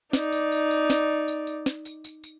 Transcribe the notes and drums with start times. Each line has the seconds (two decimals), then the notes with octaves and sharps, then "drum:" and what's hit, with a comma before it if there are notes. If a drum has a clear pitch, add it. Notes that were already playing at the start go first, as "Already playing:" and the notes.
0.13 D#4 D5, drum: snare
0.32 drum: tambourine
0.52 drum: tambourine
0.71 drum: tambourine
0.90 drum: snare
1.28 drum: tambourine
1.47 drum: tambourine
1.66 drum: snare
1.85 drum: tambourine
2.04 drum: tambourine
2.24 drum: tambourine